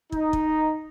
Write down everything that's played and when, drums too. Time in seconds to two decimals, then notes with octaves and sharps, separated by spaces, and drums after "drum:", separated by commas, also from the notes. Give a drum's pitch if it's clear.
0.12 D#4, drum: kick
0.33 drum: kick